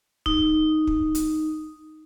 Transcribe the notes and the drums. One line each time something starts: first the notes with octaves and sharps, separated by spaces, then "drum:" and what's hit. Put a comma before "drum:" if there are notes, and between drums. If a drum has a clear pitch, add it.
D#4, drum: kick
drum: kick
drum: hi-hat